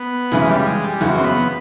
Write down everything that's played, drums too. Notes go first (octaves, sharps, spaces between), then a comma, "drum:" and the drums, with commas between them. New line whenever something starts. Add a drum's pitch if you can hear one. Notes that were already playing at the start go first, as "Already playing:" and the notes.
Already playing: B3
F#2 C#3 E3 G#3, drum: snare
G3
G#3
G3
F#2 C#3 E3 F#3, drum: snare
C4
B3, drum: hi-hat